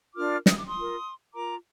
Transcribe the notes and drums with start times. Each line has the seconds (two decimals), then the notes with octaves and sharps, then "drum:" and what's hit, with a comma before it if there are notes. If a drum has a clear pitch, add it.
0.16 D4 F4 A#4 D6 F6
0.46 D#6, drum: snare
0.57 D6
0.67 C6 D#6
0.76 F4 A#4
1.34 F4 A#4 A#5 D6